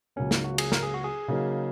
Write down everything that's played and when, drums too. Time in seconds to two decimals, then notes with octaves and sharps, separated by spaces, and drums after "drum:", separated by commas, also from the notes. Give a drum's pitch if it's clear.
0.16 C#2 C#3 F#3 A#3 C#4
0.31 D#4, drum: snare
0.44 F#4
0.58 G#4, drum: cymbal
0.72 A#4, drum: snare
0.83 G#4
0.94 F#4
1.04 G#4
1.28 C#3 F#3 A#3 D#4